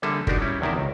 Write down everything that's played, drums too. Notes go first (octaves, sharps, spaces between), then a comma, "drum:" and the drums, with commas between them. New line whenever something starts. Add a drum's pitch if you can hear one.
D3 G3 A#3 G#4 A4 E5
D4 D#4 F#4 G4 A#4 D5, drum: kick
G3 C#4 E4
E2 C3 D#3 A#4 D5 E5
C#2